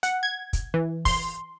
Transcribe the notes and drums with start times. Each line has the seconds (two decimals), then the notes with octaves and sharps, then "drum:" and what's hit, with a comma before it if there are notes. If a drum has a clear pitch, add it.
0.03 F#5, drum: hi-hat
0.23 G#6
0.53 drum: kick, hi-hat
0.74 E3
1.05 C6, drum: kick, open hi-hat